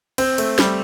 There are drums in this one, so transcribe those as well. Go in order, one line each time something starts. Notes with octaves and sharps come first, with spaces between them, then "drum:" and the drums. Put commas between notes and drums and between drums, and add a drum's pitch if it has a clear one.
C4, drum: cymbal
A3, drum: cymbal
G3, drum: snare